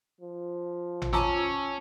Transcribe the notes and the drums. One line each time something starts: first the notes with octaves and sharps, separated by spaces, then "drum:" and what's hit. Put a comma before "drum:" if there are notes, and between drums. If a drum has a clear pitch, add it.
F3
drum: tom A1
C#4 F4 A5 A#5 D6 E6, drum: snare